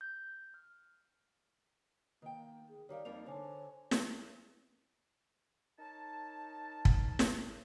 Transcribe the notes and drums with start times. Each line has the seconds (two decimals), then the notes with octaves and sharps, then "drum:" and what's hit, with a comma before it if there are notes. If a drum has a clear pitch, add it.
0.01 G6
0.54 F6
2.22 D#3 A#3 G5
2.68 G#4
2.89 D#3 G3 G4 A#4 C#5 D5 F5
3.05 F2 G3 A#3 D#4 F7
3.26 D3 C5 C#5 G#5 A5
3.91 drum: snare
5.79 D#4 A#4 C#5 A5
6.85 drum: kick
7.19 drum: snare